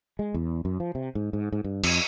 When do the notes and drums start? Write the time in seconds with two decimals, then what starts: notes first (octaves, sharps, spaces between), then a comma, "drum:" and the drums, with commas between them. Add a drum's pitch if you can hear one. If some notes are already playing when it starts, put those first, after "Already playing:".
0.19 G#3
0.34 E2
0.65 F#2
0.80 F3
0.95 C3
1.15 G#2
1.33 G#2
1.52 G#2
1.64 G2
1.83 F2, drum: cymbal